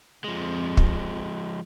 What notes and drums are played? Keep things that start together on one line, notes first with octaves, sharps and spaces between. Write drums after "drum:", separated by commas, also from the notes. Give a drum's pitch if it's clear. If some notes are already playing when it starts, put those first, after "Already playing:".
F2 F3 G#3
drum: kick